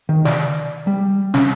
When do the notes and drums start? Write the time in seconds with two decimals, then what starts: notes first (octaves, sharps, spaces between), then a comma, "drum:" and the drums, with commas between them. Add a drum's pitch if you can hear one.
0.09 D#3
0.25 D5, drum: snare
0.87 G3
1.34 C#4, drum: snare